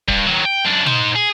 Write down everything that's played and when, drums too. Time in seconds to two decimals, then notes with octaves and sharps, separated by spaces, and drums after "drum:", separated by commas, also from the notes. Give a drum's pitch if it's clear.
0.08 G2, drum: kick
0.27 D#3 F#3
0.45 G5
0.65 F#2 D4
0.86 D#4 C5, drum: tom
1.15 G#4